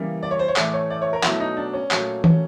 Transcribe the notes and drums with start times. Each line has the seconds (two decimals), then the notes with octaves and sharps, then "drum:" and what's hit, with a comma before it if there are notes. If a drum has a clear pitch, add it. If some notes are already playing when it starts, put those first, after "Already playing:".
Already playing: C#3 E3 G3 A#3
0.23 D5
0.31 C#5
0.39 C5
0.48 C#5
0.56 A2 E3 A3 D5, drum: clap
0.74 C#5
0.90 D5
1.02 C#5
1.13 A#4
1.23 B2 F#3 A3 E4, drum: clap
1.40 D#4
1.57 D4
1.74 C#4
1.91 A#2 F#3 A3, drum: clap
2.24 C#4, drum: tom E3